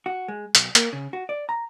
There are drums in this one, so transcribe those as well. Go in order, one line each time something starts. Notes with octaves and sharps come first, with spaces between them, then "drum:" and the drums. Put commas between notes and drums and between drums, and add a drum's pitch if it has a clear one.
F#4
G#3
B1, drum: hi-hat
A#3, drum: hi-hat
C#3
F#4
D5
A#5